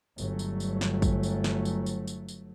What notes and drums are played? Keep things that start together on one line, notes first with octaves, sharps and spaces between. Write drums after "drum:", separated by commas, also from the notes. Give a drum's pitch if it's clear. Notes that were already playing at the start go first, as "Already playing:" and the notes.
G1 F#3 A3, drum: tambourine
drum: tambourine
drum: tambourine
drum: snare
drum: kick, tambourine
drum: tambourine
drum: snare
drum: tambourine
drum: tambourine
drum: tambourine
drum: tambourine